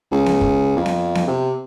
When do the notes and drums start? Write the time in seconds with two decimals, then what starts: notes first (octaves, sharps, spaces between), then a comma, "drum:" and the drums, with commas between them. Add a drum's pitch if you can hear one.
0.11 C#2
0.26 drum: snare B3
0.41 drum: kick
0.76 F2
0.86 drum: snare B3
1.15 drum: snare B3
1.27 C3